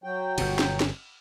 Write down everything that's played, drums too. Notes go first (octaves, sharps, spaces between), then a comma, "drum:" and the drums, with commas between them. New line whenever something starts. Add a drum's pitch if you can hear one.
F#3 G5
G1 B2, drum: cymbal
drum: snare
drum: snare